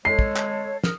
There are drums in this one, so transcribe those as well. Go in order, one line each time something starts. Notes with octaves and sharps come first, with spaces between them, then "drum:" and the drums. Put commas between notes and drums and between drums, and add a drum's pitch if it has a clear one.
G#3 A4 C#5 C7
drum: kick
drum: clap
A#4 D#6, drum: snare